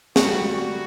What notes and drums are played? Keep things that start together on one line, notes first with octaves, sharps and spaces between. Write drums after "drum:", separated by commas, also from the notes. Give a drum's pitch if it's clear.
A3 F#4, drum: snare
G3
F#3
G3
F#4